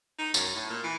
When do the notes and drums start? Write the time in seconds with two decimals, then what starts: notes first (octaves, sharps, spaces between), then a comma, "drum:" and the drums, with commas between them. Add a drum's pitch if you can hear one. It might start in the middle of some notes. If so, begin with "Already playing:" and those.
0.19 D#4
0.34 F#2, drum: tambourine
0.55 A2
0.70 A#2
0.84 E3